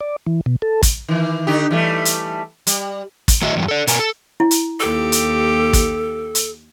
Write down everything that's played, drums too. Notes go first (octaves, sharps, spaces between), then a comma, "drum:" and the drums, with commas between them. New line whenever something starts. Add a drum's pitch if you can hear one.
D5
E3
B2
A4
drum: kick, hi-hat
D#3 E3
D3 D#4 G4
E3 G3 A3
drum: hi-hat
G3, drum: hi-hat
drum: kick, hi-hat
A2 D#3 A3 F#4 D#5 E5
E2 G2 F3
A4 D5
B2 A#4 G#5, drum: hi-hat
A4
E4
drum: hi-hat
D#2 G4 A4
drum: hi-hat
drum: kick, hi-hat
drum: hi-hat